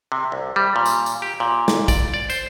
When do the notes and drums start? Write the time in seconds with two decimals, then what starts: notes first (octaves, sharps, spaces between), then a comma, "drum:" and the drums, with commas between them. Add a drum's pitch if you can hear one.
0.12 C3
0.32 C2
0.56 G3
0.76 A#2
0.86 drum: tambourine
1.06 drum: tambourine
1.22 G4
1.40 A#2
1.68 drum: snare
1.88 D5, drum: kick, tambourine
2.14 D5
2.30 C5, drum: tambourine